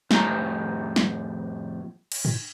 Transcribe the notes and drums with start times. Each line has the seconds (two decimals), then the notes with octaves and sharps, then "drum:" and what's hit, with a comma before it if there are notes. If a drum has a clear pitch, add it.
0.11 F2 A2 A3 G4 A5 A#5, drum: snare
0.96 drum: snare
2.12 drum: cymbal
2.25 drum: tom